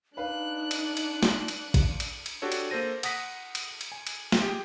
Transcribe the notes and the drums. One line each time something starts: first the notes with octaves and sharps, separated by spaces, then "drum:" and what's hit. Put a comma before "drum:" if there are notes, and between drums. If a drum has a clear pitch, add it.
D4 D#4 B4 F5 F#6
drum: cymbal
drum: cymbal
drum: snare
drum: cymbal
drum: kick A1, cymbal
drum: cymbal
drum: cymbal
D4 F#4 G4 A4 C#5
drum: cymbal
A#3 A4 C5 A#6 D#7
F#5 D#6 A#6 B6, drum: cymbal
drum: cymbal
drum: cymbal
G#5
drum: cymbal
drum: snare
G4 G#4